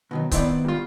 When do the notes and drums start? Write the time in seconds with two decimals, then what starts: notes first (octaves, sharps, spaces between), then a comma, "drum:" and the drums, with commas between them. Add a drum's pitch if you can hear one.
0.11 B2 D#3 F#3
0.31 D#3 B3 C4 E4 D5, drum: kick C#1, hi-hat
0.65 G3 F4